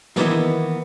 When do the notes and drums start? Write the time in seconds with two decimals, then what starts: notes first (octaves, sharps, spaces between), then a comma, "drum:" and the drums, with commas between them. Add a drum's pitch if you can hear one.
0.16 D#3 E3 G#3 A#3 B3 D#4, drum: snare